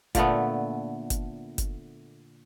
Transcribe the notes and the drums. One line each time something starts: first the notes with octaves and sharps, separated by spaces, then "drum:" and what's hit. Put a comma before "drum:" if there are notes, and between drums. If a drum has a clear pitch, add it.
A#2 D3 A3 B3, drum: kick F#1, hi-hat
drum: kick F#1, hi-hat
drum: kick F#1, hi-hat